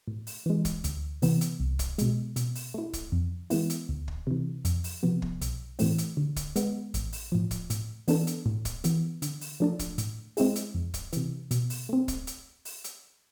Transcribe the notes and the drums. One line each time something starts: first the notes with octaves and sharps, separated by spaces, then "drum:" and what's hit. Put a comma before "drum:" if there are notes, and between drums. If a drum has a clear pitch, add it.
A2
drum: open hi-hat
E3 G#3
drum: kick, hi-hat
D2, drum: hi-hat
C3 E3 B3, drum: open hi-hat
drum: hi-hat
C2
drum: kick, hi-hat
B2 G#3, drum: hi-hat
B2, drum: hi-hat
drum: open hi-hat
A3 E4
drum: kick, hi-hat
F2
E3 G#3 B3 E4, drum: open hi-hat
drum: hi-hat
D2
drum: kick
C3 E3
F2, drum: hi-hat
drum: open hi-hat
C3 F3 B3
drum: kick
B1, drum: hi-hat
A2 E3 A3 C4, drum: open hi-hat
drum: hi-hat
D3
drum: kick, hi-hat
G#3 B3, drum: hi-hat
A1, drum: hi-hat
drum: open hi-hat
A2 F3
drum: kick, hi-hat
A2, drum: hi-hat
E3 B3 D4 A4, drum: open hi-hat
drum: hi-hat
A2
drum: kick, hi-hat
E3 B3, drum: hi-hat
D3, drum: hi-hat
drum: open hi-hat
F3 A3 D4 A4
drum: kick, hi-hat
A2, drum: hi-hat
G#3 C4 E4 G#4, drum: open hi-hat
drum: hi-hat
F2
drum: kick, hi-hat
C3 E3, drum: hi-hat
B2, drum: hi-hat
drum: open hi-hat
A3 C4
drum: kick, hi-hat
drum: hi-hat
drum: open hi-hat
drum: hi-hat